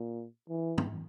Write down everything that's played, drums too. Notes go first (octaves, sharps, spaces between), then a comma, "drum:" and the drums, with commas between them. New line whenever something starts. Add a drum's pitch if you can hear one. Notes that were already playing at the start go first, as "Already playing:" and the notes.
Already playing: A#2
E3
drum: tom